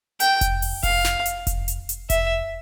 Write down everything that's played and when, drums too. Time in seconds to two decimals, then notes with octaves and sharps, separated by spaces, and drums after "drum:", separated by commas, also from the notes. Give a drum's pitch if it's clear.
0.20 G5, drum: hi-hat
0.41 drum: kick F1, hi-hat
0.62 drum: open hi-hat
0.83 F5, drum: kick F1, open hi-hat
1.04 drum: snare
1.26 drum: hi-hat
1.47 drum: kick F1, hi-hat
1.68 drum: hi-hat
1.89 drum: hi-hat
2.10 E5, drum: kick F1, hi-hat